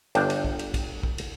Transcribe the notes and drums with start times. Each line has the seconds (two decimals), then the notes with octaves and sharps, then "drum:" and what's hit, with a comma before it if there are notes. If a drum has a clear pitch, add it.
0.15 G1 D4 G5, drum: cymbal
0.30 drum: cymbal
0.44 drum: kick
0.59 drum: cymbal
0.74 drum: kick, cymbal
1.03 drum: kick
1.18 drum: cymbal